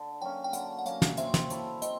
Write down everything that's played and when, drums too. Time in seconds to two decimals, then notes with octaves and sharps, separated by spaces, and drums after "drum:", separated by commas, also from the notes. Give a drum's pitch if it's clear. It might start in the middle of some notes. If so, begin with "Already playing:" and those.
Already playing: D3
0.21 F#3 A#3 C#4 G5
0.44 G5
0.53 D3 F#5, drum: hi-hat
0.79 F#5
0.86 F#3 A#3 C#4 F5, drum: hi-hat
1.02 drum: snare
1.17 C4 E5, drum: hi-hat
1.34 drum: snare
1.50 E4 A4 C#5, drum: hi-hat
1.82 C4 D#5, drum: hi-hat